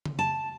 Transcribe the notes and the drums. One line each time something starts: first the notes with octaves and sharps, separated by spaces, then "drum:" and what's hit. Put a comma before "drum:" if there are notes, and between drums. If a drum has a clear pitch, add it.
drum: tom C#3
A5